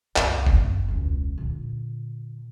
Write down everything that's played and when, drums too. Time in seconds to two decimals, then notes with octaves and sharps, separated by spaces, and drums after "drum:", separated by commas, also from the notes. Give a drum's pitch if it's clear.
0.16 C2 F#2, drum: clap
0.47 F#1 C#3, drum: kick
0.88 E1 C#2
1.38 A#2 D3